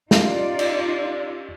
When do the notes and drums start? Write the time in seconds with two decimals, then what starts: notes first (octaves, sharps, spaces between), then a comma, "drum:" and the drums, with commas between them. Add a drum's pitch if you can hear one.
0.11 C#4 D#4 F4 G4 D5 F5, drum: snare
0.59 drum: cymbal